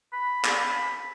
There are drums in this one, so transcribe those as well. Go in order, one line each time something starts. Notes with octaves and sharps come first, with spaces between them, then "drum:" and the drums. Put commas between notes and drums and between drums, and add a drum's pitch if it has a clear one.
B5
drum: clap